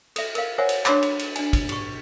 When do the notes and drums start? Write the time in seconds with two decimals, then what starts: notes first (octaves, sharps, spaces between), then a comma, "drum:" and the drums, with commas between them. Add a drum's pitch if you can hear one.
0.16 A4 E5, drum: cymbal
0.35 A#4 F5, drum: cymbal
0.58 A#4 C5 C#5 E5 F#5 G#5
0.69 drum: cymbal
0.86 D4 C#5 C6 D6, drum: clap
1.03 drum: cymbal
1.19 drum: cymbal
1.36 D4 G#5, drum: cymbal
1.53 drum: kick, cymbal
1.69 G4 C#6, drum: cymbal